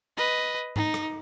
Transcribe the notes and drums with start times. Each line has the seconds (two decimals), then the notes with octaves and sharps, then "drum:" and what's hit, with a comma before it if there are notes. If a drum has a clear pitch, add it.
0.17 B4 D#5
0.76 D#4, drum: tom G#2
0.94 drum: rim click